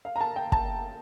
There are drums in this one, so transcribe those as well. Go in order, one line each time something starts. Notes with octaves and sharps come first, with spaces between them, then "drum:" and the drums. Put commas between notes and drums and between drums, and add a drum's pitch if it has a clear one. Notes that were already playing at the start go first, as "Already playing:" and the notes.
F5
A#5
A5
G5
A5, drum: kick